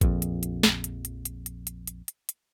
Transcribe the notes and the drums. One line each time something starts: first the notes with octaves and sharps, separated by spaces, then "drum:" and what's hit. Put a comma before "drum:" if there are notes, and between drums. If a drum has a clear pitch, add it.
A#1 F2, drum: kick A1, hi-hat
drum: hi-hat
drum: hi-hat
drum: snare
drum: hi-hat
drum: hi-hat
drum: hi-hat
drum: hi-hat
drum: hi-hat
drum: hi-hat
drum: hi-hat
drum: hi-hat